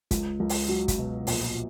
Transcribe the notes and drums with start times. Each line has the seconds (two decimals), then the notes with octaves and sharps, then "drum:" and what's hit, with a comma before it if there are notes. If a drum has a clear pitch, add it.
0.11 C#2, drum: kick, hi-hat
0.40 C#2
0.49 drum: open hi-hat
0.68 F#3
0.88 drum: kick, hi-hat
0.98 B2
1.27 A#1, drum: open hi-hat